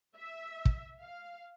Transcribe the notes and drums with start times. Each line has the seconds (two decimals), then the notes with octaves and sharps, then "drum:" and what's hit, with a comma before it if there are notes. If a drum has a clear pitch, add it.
0.17 E5
0.65 drum: kick
1.02 F5